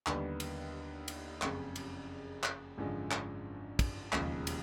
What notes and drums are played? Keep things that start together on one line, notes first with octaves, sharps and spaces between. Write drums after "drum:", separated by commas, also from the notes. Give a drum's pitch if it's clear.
D#2 D3 G3 B3, drum: clap
drum: cymbal
drum: cymbal
F#1 F2 C#3, drum: clap
drum: cymbal
drum: clap
G#1 F#2 D3 F3 G#3
drum: clap
drum: kick, cymbal
E1 D#2 C#3 F3, drum: clap
drum: cymbal